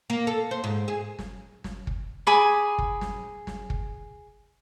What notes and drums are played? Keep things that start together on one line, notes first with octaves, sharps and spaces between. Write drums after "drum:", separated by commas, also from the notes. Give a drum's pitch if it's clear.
A#3
A4
C5
G#2
G#4
drum: snare
drum: snare
drum: kick
G#4 G#5 B5 D6
drum: kick
drum: snare
drum: snare
drum: kick